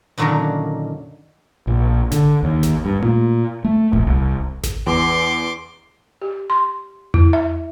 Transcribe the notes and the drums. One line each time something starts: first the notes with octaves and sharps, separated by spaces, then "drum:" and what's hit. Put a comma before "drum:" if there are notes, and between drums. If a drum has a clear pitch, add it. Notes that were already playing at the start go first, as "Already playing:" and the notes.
F#2 A#2 D3 D#3 F#4 A#4
A#1
D3, drum: snare G#1
D#2
drum: snare G#1
G2
A#2, drum: tom A3
A3
A#1, drum: kick D#1
C2
drum: snare G#1
E2 C6 D6
G4
C6
E4, drum: tom E2
E5